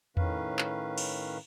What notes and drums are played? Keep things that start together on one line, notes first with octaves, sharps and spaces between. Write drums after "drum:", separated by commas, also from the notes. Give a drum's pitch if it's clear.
A2 D#3 C#4 B4 F5, drum: tom E2
drum: clap
drum: cymbal